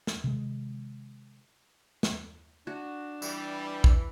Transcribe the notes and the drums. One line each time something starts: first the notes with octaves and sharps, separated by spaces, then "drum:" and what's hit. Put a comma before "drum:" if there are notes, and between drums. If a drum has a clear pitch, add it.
drum: snare
C3 D#3 G#3
drum: snare
D4 F#4
E3 G3, drum: tambourine
drum: kick